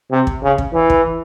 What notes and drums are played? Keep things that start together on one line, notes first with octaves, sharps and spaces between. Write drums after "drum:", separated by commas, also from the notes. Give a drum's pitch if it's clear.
C3
drum: kick
C#3
drum: kick
E3
drum: kick